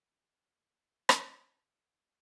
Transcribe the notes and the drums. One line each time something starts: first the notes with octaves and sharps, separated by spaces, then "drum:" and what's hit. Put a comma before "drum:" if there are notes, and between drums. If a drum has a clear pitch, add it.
E3 F4 A#4 C5 C#5 D#5
drum: rim click